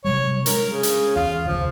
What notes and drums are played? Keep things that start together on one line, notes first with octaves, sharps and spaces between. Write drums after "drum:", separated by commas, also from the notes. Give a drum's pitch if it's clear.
C3 F#3 G3 C#5
G#3 D4 A#4, drum: hi-hat
C#3
drum: hi-hat
E2 F4
F1 D2 D3 F3